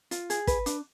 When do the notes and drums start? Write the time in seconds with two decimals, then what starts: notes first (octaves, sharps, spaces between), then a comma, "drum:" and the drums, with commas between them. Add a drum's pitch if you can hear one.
0.11 F4, drum: hi-hat
0.30 G#4, drum: hi-hat
0.47 B4, drum: kick, hi-hat
0.66 D4, drum: hi-hat